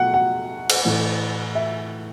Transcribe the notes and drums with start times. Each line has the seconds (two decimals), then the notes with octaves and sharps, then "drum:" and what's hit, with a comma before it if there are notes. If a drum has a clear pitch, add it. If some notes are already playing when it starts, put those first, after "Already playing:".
Already playing: B2 F#3 A3 F#5
0.14 F#5
0.70 drum: cymbal
0.85 A2 E3 A3
1.55 E5